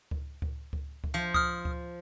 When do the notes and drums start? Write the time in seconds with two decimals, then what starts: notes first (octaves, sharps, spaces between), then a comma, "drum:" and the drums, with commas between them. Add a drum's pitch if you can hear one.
0.11 drum: kick C#2
0.42 drum: kick C#2
0.73 drum: kick C#2
1.04 drum: kick C#2
1.14 F3
1.34 D#6 F6, drum: kick C#2
1.65 drum: kick C#2